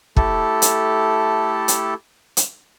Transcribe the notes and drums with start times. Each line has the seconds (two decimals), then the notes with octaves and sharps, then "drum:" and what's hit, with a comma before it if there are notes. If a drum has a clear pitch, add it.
0.17 A3 E4 G4 A4 A5, drum: kick
0.62 drum: hi-hat
1.68 drum: hi-hat
2.37 drum: hi-hat